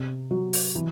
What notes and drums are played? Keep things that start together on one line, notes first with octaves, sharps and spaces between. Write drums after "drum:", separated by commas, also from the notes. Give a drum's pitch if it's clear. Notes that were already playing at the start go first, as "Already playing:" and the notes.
Already playing: C3
F#3
drum: open hi-hat
E3